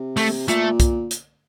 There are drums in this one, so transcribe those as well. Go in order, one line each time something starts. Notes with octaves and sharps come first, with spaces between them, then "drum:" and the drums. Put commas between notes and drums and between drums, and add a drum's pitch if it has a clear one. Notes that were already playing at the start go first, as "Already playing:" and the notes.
Already playing: C3
A3, drum: open hi-hat
A#2 A3, drum: hi-hat
drum: kick, hi-hat
drum: hi-hat